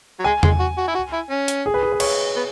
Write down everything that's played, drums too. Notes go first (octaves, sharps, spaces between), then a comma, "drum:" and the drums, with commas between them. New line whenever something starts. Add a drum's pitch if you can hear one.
F#3
G#3 G#5
G#3, drum: tom E2
F#4
F#4
E4
F#4
E4
C#4
drum: hi-hat
G#4
B4
G#4
B4
C#5, drum: cymbal
B3